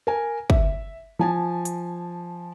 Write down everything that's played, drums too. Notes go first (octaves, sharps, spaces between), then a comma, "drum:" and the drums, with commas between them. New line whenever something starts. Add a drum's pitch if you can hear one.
A#4 G#5
E5, drum: kick
F3 G#5 A5
drum: hi-hat